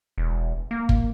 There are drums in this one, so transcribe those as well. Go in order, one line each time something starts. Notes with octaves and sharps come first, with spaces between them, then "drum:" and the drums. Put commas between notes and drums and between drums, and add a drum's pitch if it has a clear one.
E1
A#3
drum: kick